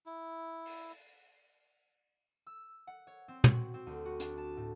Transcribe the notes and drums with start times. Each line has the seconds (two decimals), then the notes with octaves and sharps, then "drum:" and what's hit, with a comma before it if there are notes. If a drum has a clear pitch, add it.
0.06 E4
0.65 drum: open hi-hat
2.47 E6
2.87 F#5
3.07 C#5
3.28 C4
3.44 F#4, drum: tom
3.74 C4
3.87 D2
4.06 F#4
4.20 D4, drum: hi-hat
4.38 A5
4.57 A2